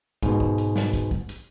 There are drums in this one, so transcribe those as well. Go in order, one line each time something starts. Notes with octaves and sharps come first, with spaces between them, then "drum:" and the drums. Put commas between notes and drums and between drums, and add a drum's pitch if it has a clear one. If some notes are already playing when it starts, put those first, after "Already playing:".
G#2 B2, drum: kick, hi-hat
drum: kick
drum: hi-hat
drum: snare
drum: kick, hi-hat
drum: kick
drum: hi-hat